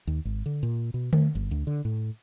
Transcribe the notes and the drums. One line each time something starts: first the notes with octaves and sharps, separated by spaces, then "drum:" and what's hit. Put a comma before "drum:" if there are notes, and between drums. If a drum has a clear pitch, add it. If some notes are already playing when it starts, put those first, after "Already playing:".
D#2
G#1
D3
A#2
B2
A3, drum: tom D3
G1
D2
D3
A2